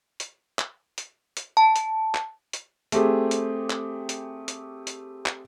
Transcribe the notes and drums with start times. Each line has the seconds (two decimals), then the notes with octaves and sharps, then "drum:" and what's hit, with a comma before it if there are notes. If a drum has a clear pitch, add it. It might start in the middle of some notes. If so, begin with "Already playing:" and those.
0.20 drum: hi-hat
0.59 drum: clap
0.98 drum: hi-hat
1.37 drum: hi-hat
1.57 A5
1.76 drum: hi-hat
2.15 drum: clap
2.53 drum: hi-hat
2.92 A3 C4 G4 G#4, drum: hi-hat
3.31 drum: hi-hat
3.70 drum: clap
4.09 drum: hi-hat
4.48 drum: hi-hat
4.87 drum: hi-hat
5.26 drum: clap